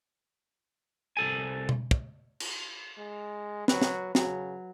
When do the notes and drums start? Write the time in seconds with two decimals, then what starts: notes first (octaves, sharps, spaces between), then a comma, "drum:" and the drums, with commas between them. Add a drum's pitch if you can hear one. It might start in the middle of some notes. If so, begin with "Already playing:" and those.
1.17 C2 A4 G#5
1.69 drum: tom B2
1.91 drum: kick
2.40 drum: cymbal
2.98 G#3
3.68 F#3 B4, drum: snare
3.82 drum: snare
4.15 C#3 F#3, drum: snare